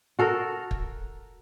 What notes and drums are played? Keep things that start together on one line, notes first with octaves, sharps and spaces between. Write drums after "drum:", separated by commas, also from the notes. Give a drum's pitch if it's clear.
F#4 A4 A#4
drum: kick